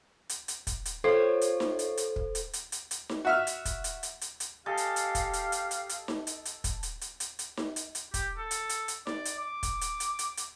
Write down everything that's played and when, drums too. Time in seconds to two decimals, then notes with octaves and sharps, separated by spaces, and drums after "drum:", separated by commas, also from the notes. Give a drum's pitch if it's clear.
0.29 drum: hi-hat
0.48 drum: hi-hat
0.67 drum: kick, hi-hat
0.85 drum: hi-hat
1.04 F4 A4 C5 C#5
1.41 drum: hi-hat
1.60 drum: snare D#4
1.79 drum: hi-hat
1.97 drum: hi-hat
2.16 drum: kick
2.35 drum: hi-hat
2.53 drum: hi-hat
2.72 drum: hi-hat
2.91 drum: hi-hat
3.09 drum: snare D#4
3.25 F#4 E5 F6
3.47 drum: hi-hat
3.65 drum: kick, hi-hat
3.84 drum: hi-hat
4.03 drum: hi-hat
4.21 drum: hi-hat
4.40 drum: hi-hat
4.66 G4 A4 D#5 F5 G#5
4.77 drum: hi-hat
4.96 drum: hi-hat
5.15 drum: kick, hi-hat
5.33 drum: hi-hat
5.52 drum: hi-hat
5.71 drum: hi-hat
5.89 drum: hi-hat
6.08 drum: snare D#4
6.27 drum: hi-hat
6.45 drum: hi-hat
6.64 drum: kick, hi-hat
6.83 drum: hi-hat
7.01 drum: hi-hat
7.20 drum: hi-hat
7.39 drum: hi-hat
7.57 drum: snare D#4
7.76 drum: hi-hat
7.95 drum: hi-hat
8.14 G4, drum: kick, hi-hat
8.38 A4
8.51 drum: hi-hat
8.69 drum: hi-hat
8.88 drum: hi-hat
9.07 D5, drum: snare D#4
9.25 drum: hi-hat
9.39 D6
9.63 drum: kick, hi-hat
9.81 drum: hi-hat
10.00 drum: hi-hat
10.19 drum: hi-hat
10.37 drum: hi-hat